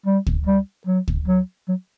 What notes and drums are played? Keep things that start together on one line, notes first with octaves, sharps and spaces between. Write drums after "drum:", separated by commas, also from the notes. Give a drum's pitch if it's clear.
G3
drum: kick
G3
F#3
drum: kick
F#3
F#3